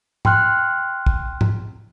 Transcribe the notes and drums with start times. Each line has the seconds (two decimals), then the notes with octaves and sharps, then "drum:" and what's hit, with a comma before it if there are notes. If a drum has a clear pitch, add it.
0.25 G5 C6 F6 F#6, drum: tom G#2
1.06 drum: kick
1.41 drum: tom G#2